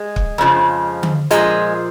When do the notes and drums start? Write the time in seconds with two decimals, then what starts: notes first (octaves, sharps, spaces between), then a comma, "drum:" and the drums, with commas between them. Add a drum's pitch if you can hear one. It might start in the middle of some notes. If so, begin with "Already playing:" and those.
Already playing: G#3
0.16 drum: kick
0.38 F2 C#3 F3
1.03 drum: tom D3
1.31 A#2 F3 G#3, drum: hi-hat